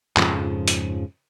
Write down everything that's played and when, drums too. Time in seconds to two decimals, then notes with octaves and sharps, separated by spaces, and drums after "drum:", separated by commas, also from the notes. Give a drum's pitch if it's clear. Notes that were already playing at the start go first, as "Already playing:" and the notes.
0.17 F2 G#2 C#3 F3, drum: clap
0.68 drum: hi-hat